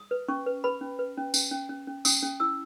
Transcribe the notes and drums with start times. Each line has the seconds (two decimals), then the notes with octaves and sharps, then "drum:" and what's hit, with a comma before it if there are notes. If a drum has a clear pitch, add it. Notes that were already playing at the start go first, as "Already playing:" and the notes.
Already playing: D#6
0.11 B4
0.28 C#4 C#6
0.46 B4
0.64 B4 B5
0.81 C#4
0.99 B4
1.17 C#4
1.34 C#4, drum: tambourine
1.51 C#4
1.69 C#4
1.87 C#4
2.05 C#4 D#6, drum: tambourine
2.23 C#4
2.40 E4 E6